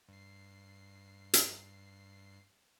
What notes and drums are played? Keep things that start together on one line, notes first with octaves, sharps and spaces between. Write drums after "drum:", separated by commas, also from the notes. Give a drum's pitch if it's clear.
G2 C7
drum: hi-hat